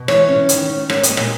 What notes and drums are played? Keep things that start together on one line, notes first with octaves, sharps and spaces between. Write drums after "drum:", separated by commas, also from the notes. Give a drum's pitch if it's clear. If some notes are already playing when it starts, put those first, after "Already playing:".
Already playing: B2
E3 C#5, drum: rim click
C#4
D#3, drum: hi-hat
C#4
A#3 C#5, drum: rim click
D#5, drum: hi-hat
A#2
D#5, drum: rim click